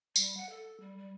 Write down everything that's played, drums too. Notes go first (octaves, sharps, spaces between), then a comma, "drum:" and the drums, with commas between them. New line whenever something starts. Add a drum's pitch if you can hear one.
G3, drum: tambourine
F#5
A4
G3
G3